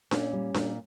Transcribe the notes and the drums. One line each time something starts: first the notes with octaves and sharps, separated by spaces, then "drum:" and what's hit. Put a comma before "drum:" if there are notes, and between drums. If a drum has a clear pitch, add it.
A#2 C#4, drum: snare D4
G3
A#2, drum: snare D4